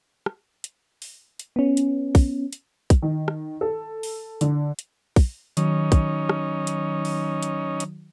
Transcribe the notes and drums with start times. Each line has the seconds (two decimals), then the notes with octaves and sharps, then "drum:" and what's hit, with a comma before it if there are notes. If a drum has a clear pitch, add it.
0.26 drum: rim click
0.64 drum: hi-hat
1.02 drum: open hi-hat
1.39 drum: hi-hat
1.56 B3 C#4
1.77 drum: hi-hat
2.15 drum: kick, open hi-hat
2.53 drum: hi-hat
2.90 drum: kick, hi-hat
3.02 D#3
3.28 drum: rim click
3.61 A4
4.03 drum: open hi-hat
4.41 D3, drum: hi-hat
4.79 drum: hi-hat
5.16 drum: kick, open hi-hat
5.57 D#3 F#3 C#4 D#4, drum: hi-hat
5.92 drum: kick, hi-hat
6.29 drum: rim click
6.67 drum: hi-hat
7.05 drum: open hi-hat
7.43 drum: hi-hat
7.80 drum: hi-hat